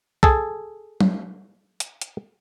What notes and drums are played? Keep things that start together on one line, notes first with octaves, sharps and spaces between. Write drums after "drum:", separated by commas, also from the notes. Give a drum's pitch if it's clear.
G#4 A4, drum: kick
drum: tom F#3
drum: hi-hat
drum: hi-hat